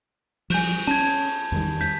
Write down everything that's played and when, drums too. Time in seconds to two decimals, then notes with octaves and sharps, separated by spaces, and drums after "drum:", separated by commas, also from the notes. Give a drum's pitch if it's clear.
0.50 F3 G3 G#5 G6 E7, drum: cymbal
0.87 C#4 A5 G#6
1.52 E2 D#3 G3, drum: open hi-hat
1.81 G6 B6, drum: hi-hat